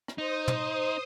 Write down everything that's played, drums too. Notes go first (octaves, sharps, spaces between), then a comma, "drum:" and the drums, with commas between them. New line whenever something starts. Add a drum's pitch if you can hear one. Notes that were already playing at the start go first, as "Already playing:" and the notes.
drum: rim click
D#4 C5 D#6
drum: tom